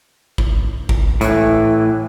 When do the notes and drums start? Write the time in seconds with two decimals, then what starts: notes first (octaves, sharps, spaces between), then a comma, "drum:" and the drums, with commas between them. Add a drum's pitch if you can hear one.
0.38 drum: kick G#1
0.89 drum: kick G#1
1.21 A2 E3, drum: hi-hat